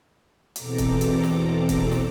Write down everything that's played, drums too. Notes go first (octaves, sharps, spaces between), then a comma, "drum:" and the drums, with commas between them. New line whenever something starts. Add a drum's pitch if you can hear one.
E2 B2 C4 A4 A#5 D6, drum: hi-hat
drum: kick, hi-hat
drum: hi-hat
drum: snare
drum: kick, hi-hat
drum: snare